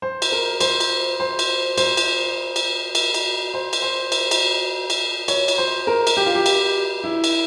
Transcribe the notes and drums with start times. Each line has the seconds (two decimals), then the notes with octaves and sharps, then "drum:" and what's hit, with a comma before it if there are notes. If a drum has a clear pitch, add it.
0.02 C5
0.22 drum: cymbal
0.32 A#4
0.61 C5, drum: cymbal
0.80 drum: cymbal
1.20 C5
1.39 drum: cymbal
1.78 C5, drum: cymbal
1.97 drum: cymbal
2.56 drum: cymbal
2.95 drum: cymbal
3.14 drum: cymbal
3.54 C5
3.73 drum: cymbal
3.82 C5
4.12 drum: cymbal
4.31 drum: cymbal
4.90 drum: cymbal
5.28 C#5, drum: cymbal
5.48 drum: cymbal
5.58 C5
5.87 A#4
6.07 drum: cymbal
6.17 G4
6.26 F4
6.35 G4
6.46 drum: cymbal
7.04 E4
7.24 drum: cymbal